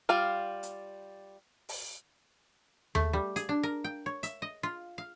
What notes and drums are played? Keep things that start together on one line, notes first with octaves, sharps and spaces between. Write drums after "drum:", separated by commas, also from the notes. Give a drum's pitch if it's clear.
G3 F4 D5 F5
drum: hi-hat
drum: open hi-hat
A3, drum: tom D#2
G3
G#4, drum: hi-hat
D4
A#4
G5
C#5
E5, drum: hi-hat
D#5
F4
F5